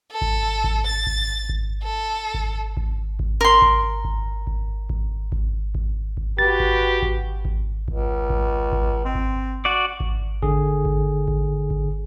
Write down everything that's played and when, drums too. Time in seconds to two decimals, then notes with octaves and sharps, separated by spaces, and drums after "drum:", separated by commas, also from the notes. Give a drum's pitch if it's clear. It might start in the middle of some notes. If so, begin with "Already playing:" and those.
0.12 A4
0.21 drum: kick G#1
0.64 drum: kick G#1
0.86 A6
1.07 drum: kick G#1
1.49 drum: kick G#1
1.83 A4
2.34 drum: kick G#1
2.77 drum: kick G#1
3.19 drum: kick G#1
3.41 A#4 C6
3.62 drum: kick G#1
4.04 drum: kick G#1
4.47 drum: kick G#1
4.90 drum: kick G#1
5.32 drum: kick G#1
5.75 drum: kick G#1
6.17 drum: kick G#1
6.39 F#4 G4 B4 A6
6.60 drum: kick G#1
7.02 drum: kick G#1
7.45 drum: kick G#1
7.88 C#2, drum: kick G#1
8.30 drum: kick G#1
8.72 drum: kick G#1
9.05 C4
9.15 drum: kick G#1
9.65 F#4 D5
10.00 drum: kick G#1
10.43 D3 G#4, drum: kick G#1
10.85 drum: kick G#1
11.28 drum: kick G#1
11.70 drum: kick G#1